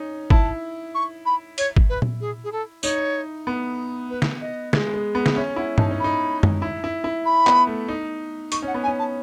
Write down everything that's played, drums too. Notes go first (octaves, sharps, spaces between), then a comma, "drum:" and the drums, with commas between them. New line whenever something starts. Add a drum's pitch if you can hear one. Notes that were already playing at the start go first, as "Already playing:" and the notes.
Already playing: C#4 D#4
E4 A5, drum: kick
C#6
B5
C#5, drum: hi-hat
drum: kick
B4
drum: tom A#2
G#4
G#4
A4
D#4 C#5, drum: tambourine
B3
B4
drum: snare
D#5
G#3, drum: snare
G#3
B3
drum: snare
C#4 E5
E4 F#5
D#4 A5, drum: tom G2
C#4
D#4 B5
drum: tom F#2
E4
E4
E4
B5
B3, drum: clap
A3
D#4
D#4 C#6, drum: hi-hat
C#4 F#5
B3
G#5
C#4
A5